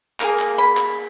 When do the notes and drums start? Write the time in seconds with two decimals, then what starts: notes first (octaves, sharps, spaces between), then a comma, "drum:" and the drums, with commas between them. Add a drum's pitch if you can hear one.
0.20 A#3 E4 G#4 A#5, drum: clap
0.39 drum: clap
0.58 B5, drum: tambourine
0.77 drum: clap